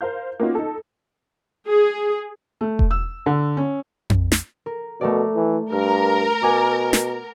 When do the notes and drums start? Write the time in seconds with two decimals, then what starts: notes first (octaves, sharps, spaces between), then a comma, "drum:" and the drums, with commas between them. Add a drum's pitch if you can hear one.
0.01 A#4 C5 F5 G6
0.40 A#3 B3 C#4 D#4 F4 F#4
0.55 D#4 A4
1.66 G#4
2.61 A3
2.79 drum: kick E1
2.91 E6
3.26 D3
3.57 C#4
4.10 drum: tom F2
4.32 drum: snare
4.66 A#4
5.01 B2 A3 A#4 D5
5.36 E3
5.72 G2 A#4 F6
6.43 B2 F#5 G#5 D6
6.93 drum: snare